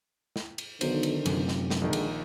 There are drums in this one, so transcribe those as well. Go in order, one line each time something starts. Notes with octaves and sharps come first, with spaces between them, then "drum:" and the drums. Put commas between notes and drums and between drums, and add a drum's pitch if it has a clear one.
drum: snare
drum: cymbal
B1 D3 D#3 C5, drum: cymbal
drum: cymbal
F1 F#2 C3, drum: cymbal
drum: snare
drum: snare
A#1 D3 D#3 G#3
drum: cymbal